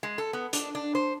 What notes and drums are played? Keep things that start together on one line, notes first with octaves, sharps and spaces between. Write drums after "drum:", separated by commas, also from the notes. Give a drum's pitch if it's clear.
G#3
A4
B3
D4, drum: hi-hat
D4
C5